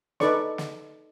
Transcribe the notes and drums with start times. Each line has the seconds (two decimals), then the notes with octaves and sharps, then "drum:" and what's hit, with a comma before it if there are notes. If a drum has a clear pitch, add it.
0.20 D#4 A4 B4 D5 C#6, drum: snare
0.58 drum: snare